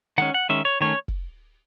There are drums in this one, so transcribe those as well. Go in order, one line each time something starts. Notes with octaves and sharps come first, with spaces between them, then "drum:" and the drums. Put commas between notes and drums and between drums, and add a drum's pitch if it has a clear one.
D#3 G#3 C#4 F#5
F#5
D#3 G#3 C#4 E5
C#5
D#3 A3 C#4 C#5
drum: kick